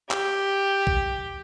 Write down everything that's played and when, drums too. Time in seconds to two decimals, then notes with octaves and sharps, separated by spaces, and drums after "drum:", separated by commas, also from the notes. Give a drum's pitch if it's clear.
0.11 G4, drum: clap
0.87 drum: kick A#1